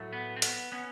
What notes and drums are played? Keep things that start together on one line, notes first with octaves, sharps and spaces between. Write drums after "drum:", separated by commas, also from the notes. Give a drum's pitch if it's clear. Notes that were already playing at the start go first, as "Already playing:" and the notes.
Already playing: A2 F#3 A3
B3
C4
B3, drum: hi-hat
B3 C#4